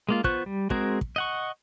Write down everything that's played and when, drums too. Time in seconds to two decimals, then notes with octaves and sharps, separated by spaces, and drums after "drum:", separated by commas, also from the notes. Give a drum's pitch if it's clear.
0.09 G#3 A#3 F4
0.24 B3 F4 C5 C#6 F#6, drum: kick
0.46 G3
0.70 G#3 C4 F#4 G#4 A#4, drum: kick
1.01 drum: kick
1.16 D#5 F#5 C#6